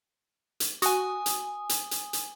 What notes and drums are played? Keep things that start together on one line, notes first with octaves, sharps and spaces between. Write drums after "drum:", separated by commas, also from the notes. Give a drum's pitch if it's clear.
drum: hi-hat
F#4 G#5 D#6, drum: hi-hat
drum: hi-hat
drum: hi-hat
drum: hi-hat
drum: hi-hat